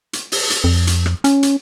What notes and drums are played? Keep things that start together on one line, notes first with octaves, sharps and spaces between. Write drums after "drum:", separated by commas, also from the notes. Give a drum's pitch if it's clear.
drum: hi-hat
drum: open hi-hat
drum: hi-hat
F2
drum: hi-hat
drum: rim click
C#4, drum: hi-hat
drum: hi-hat